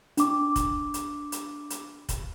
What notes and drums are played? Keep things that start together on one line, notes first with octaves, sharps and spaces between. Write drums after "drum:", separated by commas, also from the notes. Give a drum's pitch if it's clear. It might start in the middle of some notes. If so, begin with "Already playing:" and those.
D4 D6, drum: hi-hat
drum: kick, hi-hat
drum: hi-hat
drum: hi-hat
drum: hi-hat
drum: kick, hi-hat